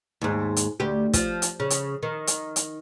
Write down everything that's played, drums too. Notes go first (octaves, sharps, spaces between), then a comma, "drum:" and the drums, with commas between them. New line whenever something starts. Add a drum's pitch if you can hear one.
D#2 G#2
drum: hi-hat
D2 G4
F3, drum: kick, hi-hat
drum: hi-hat
C#3
drum: hi-hat
D#3
drum: hi-hat
drum: hi-hat